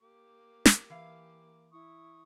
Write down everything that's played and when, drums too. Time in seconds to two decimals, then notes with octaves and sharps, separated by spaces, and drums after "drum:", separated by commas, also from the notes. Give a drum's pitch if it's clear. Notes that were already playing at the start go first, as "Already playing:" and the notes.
0.02 A#3 G4 D6
0.65 drum: snare
0.90 E3 F5
1.71 E4 C#6 D#6